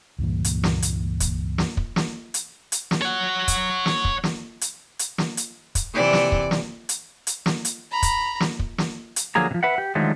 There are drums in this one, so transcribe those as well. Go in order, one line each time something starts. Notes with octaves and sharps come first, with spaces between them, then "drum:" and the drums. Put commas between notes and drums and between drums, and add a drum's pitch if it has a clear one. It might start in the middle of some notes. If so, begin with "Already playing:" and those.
C#2 G2 A#2 E3
drum: hi-hat
drum: snare
drum: hi-hat
drum: kick, hi-hat
drum: snare
drum: kick
drum: snare
drum: hi-hat
drum: hi-hat
drum: snare
C#5 F#5
drum: kick, hi-hat
drum: snare
drum: kick
drum: snare
drum: hi-hat
drum: hi-hat
drum: snare
drum: hi-hat
drum: kick, hi-hat
C3 E3 D5
drum: snare
drum: kick
drum: snare
drum: hi-hat
drum: hi-hat
drum: snare
drum: hi-hat
A#5 B5
drum: kick, hi-hat
drum: snare
drum: kick
drum: snare
drum: hi-hat
D3 F3 F#3 A#3 G#4 A#5
C3 F3
B4 E5 F#5
G4
D3 D#3 F3 F#3 G#3 A3